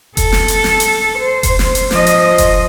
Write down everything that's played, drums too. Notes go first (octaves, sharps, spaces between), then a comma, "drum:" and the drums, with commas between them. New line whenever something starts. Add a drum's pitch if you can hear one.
A4, drum: kick F1, hi-hat
drum: snare
drum: hi-hat
drum: snare
drum: hi-hat
C5
drum: kick F1, hi-hat
drum: snare
drum: hi-hat
F3 D#5, drum: snare
drum: hi-hat
drum: kick F1, hi-hat